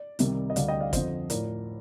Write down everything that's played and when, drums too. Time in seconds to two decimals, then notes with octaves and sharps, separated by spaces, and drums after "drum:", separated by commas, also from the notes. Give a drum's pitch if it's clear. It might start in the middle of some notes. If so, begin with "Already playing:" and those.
Already playing: D5
0.19 C2 C3 D#3 G3, drum: hi-hat
0.50 D#5
0.56 D2 D3 G3 D5 F5, drum: hi-hat
0.68 D#5 G5
0.80 D5 F5
0.93 F2 D3 F3 C5 D#5, drum: kick, hi-hat
1.30 A2 F3 A#4 D5, drum: hi-hat